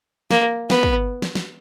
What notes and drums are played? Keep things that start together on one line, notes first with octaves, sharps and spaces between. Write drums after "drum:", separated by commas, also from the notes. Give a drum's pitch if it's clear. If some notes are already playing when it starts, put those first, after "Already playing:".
A#3, drum: snare
B3, drum: snare
drum: kick
drum: snare
drum: snare